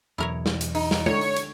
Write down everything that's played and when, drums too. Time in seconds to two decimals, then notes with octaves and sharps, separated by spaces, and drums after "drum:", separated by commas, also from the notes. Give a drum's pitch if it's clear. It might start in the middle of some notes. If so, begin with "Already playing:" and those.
0.18 E2 B2 F#3 E4 A#4 C#5
0.46 drum: snare
0.61 drum: hi-hat
0.75 D#4, drum: open hi-hat
0.91 drum: snare
1.06 D3 C#5, drum: tom G#3
1.21 drum: open hi-hat
1.37 drum: hi-hat